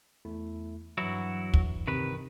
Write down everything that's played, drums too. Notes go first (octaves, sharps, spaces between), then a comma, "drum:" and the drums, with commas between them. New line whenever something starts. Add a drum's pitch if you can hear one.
E2 A3 E4
G2 E3 F#3 E4 F#4
drum: kick
C3 D#3 B4